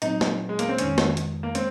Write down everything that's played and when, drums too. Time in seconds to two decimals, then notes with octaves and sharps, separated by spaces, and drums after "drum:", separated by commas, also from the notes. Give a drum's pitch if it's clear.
0.02 A#2 F#3 C4 D#4, drum: hi-hat
0.21 drum: snare
0.49 G#3
0.59 A#3, drum: hi-hat
0.69 C4
0.78 F2 D#3 G#3 C#4, drum: hi-hat
0.98 drum: snare
1.17 drum: hi-hat
1.43 A#3
1.55 G#3 C4, drum: hi-hat